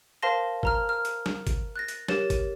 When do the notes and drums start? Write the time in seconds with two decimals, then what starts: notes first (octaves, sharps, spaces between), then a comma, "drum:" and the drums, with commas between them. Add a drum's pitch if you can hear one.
0.23 A#4 C5 F5 A5 C6 A#6
0.63 A#4 A#5 F6, drum: kick
0.89 F6
1.05 drum: hi-hat
1.26 drum: snare
1.47 drum: kick, hi-hat
1.76 F#6 A6 A#6
1.88 drum: hi-hat
2.08 G4 A#4 C#5 A6, drum: snare
2.30 drum: kick, hi-hat